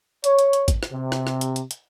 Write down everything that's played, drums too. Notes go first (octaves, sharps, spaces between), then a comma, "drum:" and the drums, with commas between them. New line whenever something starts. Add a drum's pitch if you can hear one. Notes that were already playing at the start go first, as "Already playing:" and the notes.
C#5, drum: hi-hat
drum: hi-hat
drum: hi-hat
drum: kick G#1, hi-hat
drum: rim click
C3
drum: rim click
drum: rim click
drum: hi-hat
drum: hi-hat
drum: hi-hat